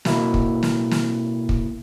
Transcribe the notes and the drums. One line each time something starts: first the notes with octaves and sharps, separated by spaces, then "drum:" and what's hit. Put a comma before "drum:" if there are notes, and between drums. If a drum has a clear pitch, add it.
B2 A#3 E4, drum: snare
drum: kick
drum: snare
drum: snare
drum: kick